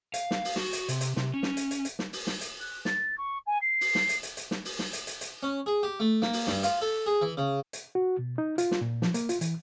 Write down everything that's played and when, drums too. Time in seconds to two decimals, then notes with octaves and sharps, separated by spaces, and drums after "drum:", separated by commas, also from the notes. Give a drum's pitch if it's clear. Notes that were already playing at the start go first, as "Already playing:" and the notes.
0.14 F5, drum: hi-hat
0.31 drum: snare
0.45 drum: open hi-hat
0.56 F#4, drum: snare
0.73 drum: hi-hat
0.89 C3, drum: hi-hat
1.01 drum: hi-hat
1.16 C3, drum: snare
1.34 C#4
1.43 drum: snare
1.57 drum: hi-hat
1.71 drum: hi-hat
1.85 drum: hi-hat
1.99 drum: snare
2.13 drum: open hi-hat
2.27 drum: snare
2.41 drum: hi-hat
2.61 F#6
2.85 A6, drum: snare
3.18 C#6
3.47 G#5
3.62 C7
3.81 drum: open hi-hat
3.95 drum: snare
4.09 drum: hi-hat
4.23 drum: hi-hat
4.37 drum: hi-hat
4.51 drum: snare
4.65 drum: open hi-hat
4.79 drum: snare
4.93 drum: hi-hat
5.07 drum: hi-hat
5.21 drum: hi-hat
5.43 C#4
5.66 G#4
5.83 G4
6.00 A3
6.22 A#3, drum: snare
6.33 drum: open hi-hat
6.47 G2, drum: snare
6.63 F4, drum: hi-hat
6.81 A4
7.06 G#4
7.22 E3
7.37 C#3
7.73 drum: hi-hat
7.95 F#4
8.19 B2
8.38 D#4
8.58 F4, drum: hi-hat
8.71 drum: snare
8.81 A#2
9.02 F3, drum: snare
9.14 A#3, drum: hi-hat
9.29 F4, drum: hi-hat
9.41 E3, drum: hi-hat